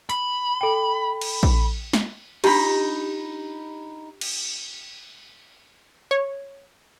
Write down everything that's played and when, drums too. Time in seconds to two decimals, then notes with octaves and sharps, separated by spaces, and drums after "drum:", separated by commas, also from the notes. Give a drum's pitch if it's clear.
0.09 B5, drum: hi-hat
0.61 A4 G5
1.21 drum: cymbal
1.43 drum: kick
1.93 drum: snare
2.44 D4 D#4 F4 G4 B5, drum: cymbal
4.21 drum: cymbal
6.11 C#5